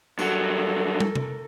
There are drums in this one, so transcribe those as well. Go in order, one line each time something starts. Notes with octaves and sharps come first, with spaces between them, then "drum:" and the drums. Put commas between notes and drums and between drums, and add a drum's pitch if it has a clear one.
G2 F#3 A4 A#4, drum: tambourine
drum: tom
drum: tom C3